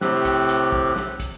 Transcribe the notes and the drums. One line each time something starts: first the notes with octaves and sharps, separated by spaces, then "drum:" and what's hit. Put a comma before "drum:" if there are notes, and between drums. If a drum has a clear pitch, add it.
A2 C3 C4 G4 F#6, drum: snare
drum: kick, hi-hat
drum: hi-hat
drum: kick
drum: snare
drum: kick, hi-hat